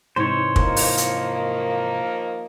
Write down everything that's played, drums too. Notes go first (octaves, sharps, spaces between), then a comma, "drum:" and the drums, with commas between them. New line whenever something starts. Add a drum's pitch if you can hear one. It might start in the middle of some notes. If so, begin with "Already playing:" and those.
G#2 C3 E3 C5 C#5
D#3 F3 A#3, drum: kick
drum: open hi-hat
drum: hi-hat